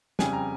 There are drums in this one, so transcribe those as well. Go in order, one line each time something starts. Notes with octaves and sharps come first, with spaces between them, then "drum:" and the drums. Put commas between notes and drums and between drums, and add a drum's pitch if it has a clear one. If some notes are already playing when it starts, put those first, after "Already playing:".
F2 C#3 G3 G#5, drum: snare
A#5